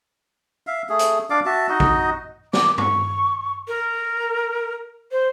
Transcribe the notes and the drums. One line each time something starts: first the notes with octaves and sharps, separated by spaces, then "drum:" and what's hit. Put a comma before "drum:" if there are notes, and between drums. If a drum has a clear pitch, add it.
E5 F5
A3 G#4
drum: hi-hat
D4 D5 F5 D6
F#4 E5 A5
D#4 F#4 D#5
drum: kick A1
D6, drum: snare
C#6, drum: tom G2
A#4
C5